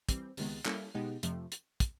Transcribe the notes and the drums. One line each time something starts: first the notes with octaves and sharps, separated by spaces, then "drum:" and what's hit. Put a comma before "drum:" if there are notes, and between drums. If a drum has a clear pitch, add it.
E3 G3 C4, drum: kick, hi-hat
C#2 C3 D#3 G#3 B3, drum: open hi-hat
G3 A#3 C#4 E4 A4, drum: clap
B2 G#3 B3 D#4 G4
F2 C3 F3 A3, drum: hi-hat
drum: hi-hat
drum: kick, hi-hat